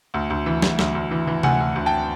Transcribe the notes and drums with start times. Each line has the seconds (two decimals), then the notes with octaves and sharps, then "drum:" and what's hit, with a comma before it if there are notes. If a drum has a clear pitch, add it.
0.14 D2
0.30 D2
0.46 E3
0.62 D2, drum: snare
0.79 D2, drum: snare
0.95 D2
1.11 E3
1.27 E3
1.43 D2 F#5 G#5, drum: tom C3
1.60 D2
1.75 D2
1.86 G5 A5